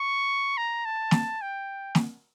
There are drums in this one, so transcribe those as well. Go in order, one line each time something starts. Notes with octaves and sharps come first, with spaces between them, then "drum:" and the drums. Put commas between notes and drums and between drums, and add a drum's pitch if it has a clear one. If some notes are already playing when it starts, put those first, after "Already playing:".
Already playing: C#6
A#5
A5
drum: snare
G5
drum: snare